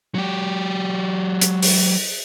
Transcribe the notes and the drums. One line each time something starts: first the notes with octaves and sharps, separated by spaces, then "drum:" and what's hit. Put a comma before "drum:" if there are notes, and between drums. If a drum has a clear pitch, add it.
F#3 G4
drum: hi-hat
drum: open hi-hat